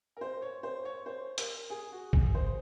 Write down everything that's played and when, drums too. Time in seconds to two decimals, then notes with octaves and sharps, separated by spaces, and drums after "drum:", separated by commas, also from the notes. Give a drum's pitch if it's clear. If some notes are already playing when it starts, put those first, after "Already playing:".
0.17 A#4
0.21 C5
0.42 C#5
0.63 C5
0.85 C#5
1.06 C5
1.38 A#4, drum: hi-hat
1.70 G#4
1.92 F#4
2.13 G#4, drum: kick
2.35 C5